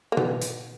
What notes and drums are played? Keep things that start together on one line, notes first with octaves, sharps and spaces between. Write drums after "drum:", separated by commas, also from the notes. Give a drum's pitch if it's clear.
A#3
B3, drum: tom B2
drum: hi-hat